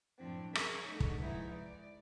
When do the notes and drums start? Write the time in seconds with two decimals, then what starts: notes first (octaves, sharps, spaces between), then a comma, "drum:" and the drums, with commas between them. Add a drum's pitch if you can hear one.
0.18 F#2 A2 F3 C4 D4
0.55 C#4 G#4 A#4 E5 C#6, drum: rim click
0.91 D3 A3 D#4
1.00 drum: kick
1.21 E3 F3 G#3 D#4 E4
1.53 D5